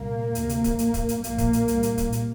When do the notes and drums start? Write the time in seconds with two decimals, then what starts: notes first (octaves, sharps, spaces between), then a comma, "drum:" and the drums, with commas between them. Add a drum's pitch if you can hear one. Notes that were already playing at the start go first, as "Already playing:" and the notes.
Already playing: C2 A#2 A#3
0.35 D2 C3, drum: hi-hat
0.49 drum: hi-hat
0.64 drum: kick, hi-hat
0.79 A#1 A2, drum: hi-hat
0.94 drum: kick, hi-hat
1.09 drum: hi-hat
1.24 A#1 A2 A#3, drum: hi-hat
1.38 drum: kick, hi-hat
1.53 drum: hi-hat
1.68 C2 A#2, drum: hi-hat
1.83 drum: hi-hat
1.98 drum: kick, hi-hat
2.12 drum: hi-hat